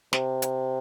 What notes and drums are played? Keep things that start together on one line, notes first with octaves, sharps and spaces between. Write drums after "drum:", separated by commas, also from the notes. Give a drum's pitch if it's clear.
C3, drum: snare
drum: hi-hat